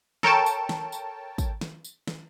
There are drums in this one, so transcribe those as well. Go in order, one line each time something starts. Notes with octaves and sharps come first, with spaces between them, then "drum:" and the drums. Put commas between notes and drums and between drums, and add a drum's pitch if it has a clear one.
A4 A#4 C#5 G5 A5, drum: snare
drum: tambourine
drum: snare
drum: tambourine
drum: kick, tambourine
drum: snare
drum: tambourine
drum: snare